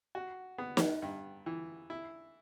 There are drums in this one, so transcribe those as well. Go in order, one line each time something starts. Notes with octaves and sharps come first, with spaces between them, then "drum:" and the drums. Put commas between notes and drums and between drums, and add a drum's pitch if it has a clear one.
F#4
B3
drum: snare
G2
E3
E4